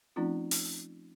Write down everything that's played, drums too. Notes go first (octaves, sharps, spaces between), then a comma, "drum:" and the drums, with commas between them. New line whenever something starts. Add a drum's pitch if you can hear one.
F3 A3 C4 C#4 D#4 F4
drum: open hi-hat